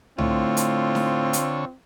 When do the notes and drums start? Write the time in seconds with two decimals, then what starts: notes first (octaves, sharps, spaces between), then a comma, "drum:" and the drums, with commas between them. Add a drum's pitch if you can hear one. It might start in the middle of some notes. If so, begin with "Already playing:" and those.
0.18 A2 D3 C4 F4 C#5, drum: tom C2
0.57 drum: hi-hat
0.95 drum: snare D#4
1.33 drum: hi-hat